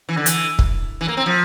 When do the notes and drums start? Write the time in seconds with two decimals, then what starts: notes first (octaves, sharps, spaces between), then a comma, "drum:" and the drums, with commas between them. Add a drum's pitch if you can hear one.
0.09 E3
0.17 D3
0.26 E3, drum: hi-hat
0.59 drum: kick
1.01 E3
1.08 A#3
1.17 C4
1.26 F3